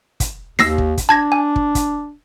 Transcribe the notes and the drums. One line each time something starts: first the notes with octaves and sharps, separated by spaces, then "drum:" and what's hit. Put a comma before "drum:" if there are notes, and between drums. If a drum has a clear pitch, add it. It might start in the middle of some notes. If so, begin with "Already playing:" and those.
drum: kick, hi-hat
D#2 E6 A#6 C7, drum: snare D#4
drum: kick
drum: kick, hi-hat
D4 A5 G#6 A#6
G#5
drum: kick
drum: kick, hi-hat